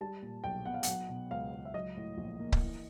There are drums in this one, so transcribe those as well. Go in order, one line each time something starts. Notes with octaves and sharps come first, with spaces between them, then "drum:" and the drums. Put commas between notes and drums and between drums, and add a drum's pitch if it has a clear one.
G3 A5
A#2
B1 G5
B3 F#5
F5
F#3 F#5, drum: hi-hat
B2
C#2 F5
C#2
E5
F#3 D#5
A2
A#1
A#3
drum: kick C#1
E3